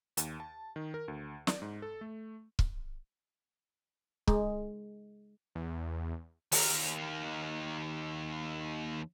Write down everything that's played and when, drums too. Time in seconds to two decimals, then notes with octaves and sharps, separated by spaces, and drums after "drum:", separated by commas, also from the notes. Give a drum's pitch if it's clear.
0.17 D#2, drum: hi-hat
0.40 A5
0.76 D#3
0.94 A#4
1.08 D2
1.47 D5, drum: snare
1.62 G#2
1.82 A4
2.01 A3
2.59 drum: kick
4.28 G#3, drum: kick
5.55 E2
6.52 D#2 A#4, drum: open hi-hat